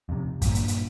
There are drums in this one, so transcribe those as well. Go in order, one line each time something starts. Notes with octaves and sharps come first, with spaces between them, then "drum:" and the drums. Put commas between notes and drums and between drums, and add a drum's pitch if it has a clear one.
F2 C3
G2 A#2, drum: kick, hi-hat
drum: hi-hat
drum: hi-hat